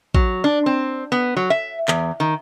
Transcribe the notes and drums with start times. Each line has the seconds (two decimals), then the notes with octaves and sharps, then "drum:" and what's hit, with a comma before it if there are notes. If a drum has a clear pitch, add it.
0.14 F#3, drum: kick
0.44 D4
0.66 C4
1.12 B3
1.37 F#3
1.50 E5
1.88 E2, drum: clap
2.20 D#3